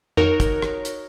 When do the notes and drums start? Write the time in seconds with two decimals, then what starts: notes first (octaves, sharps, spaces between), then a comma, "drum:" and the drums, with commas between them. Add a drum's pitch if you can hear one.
0.17 D#4 F#4 A#4 C#5, drum: tom F2
0.40 drum: kick, hi-hat
0.62 drum: rim click
0.85 drum: hi-hat